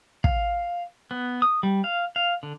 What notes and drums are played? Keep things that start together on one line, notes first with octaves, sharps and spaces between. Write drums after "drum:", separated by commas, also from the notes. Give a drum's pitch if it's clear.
F5, drum: kick
B3
D#6
G3
F5
F5
D3